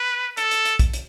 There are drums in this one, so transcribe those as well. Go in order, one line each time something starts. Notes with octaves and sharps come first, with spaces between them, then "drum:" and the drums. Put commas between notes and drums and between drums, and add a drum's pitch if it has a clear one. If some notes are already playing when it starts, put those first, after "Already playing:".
Already playing: B4
A4, drum: hi-hat
drum: hi-hat
drum: hi-hat
drum: kick, hi-hat
drum: hi-hat